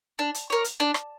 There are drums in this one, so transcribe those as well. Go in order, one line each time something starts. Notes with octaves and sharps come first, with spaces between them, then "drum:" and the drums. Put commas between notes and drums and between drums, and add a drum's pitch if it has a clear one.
D4
drum: hi-hat
A#4 C#5
drum: hi-hat
D4
drum: rim click